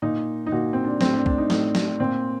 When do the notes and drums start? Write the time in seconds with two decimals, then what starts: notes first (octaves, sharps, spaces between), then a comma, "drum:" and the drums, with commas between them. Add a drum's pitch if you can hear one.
0.02 A#2 D#4
0.46 D#4
0.52 A#2 F#4
0.73 C4
0.84 D4
1.01 A2 C4, drum: snare
1.13 D4
1.26 D4, drum: kick
1.38 D#4
1.50 A2 D#4, drum: snare
1.75 drum: snare
2.00 A#2 C4